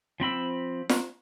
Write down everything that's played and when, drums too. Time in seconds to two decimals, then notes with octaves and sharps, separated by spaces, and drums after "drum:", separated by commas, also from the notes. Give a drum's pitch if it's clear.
0.20 F3 C4 B5 E6
0.89 drum: snare